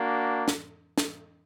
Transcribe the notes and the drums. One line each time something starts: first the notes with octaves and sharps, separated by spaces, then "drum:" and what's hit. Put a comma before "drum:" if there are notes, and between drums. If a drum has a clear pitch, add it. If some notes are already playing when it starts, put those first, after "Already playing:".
Already playing: A#3 D4 F#4
drum: snare
drum: snare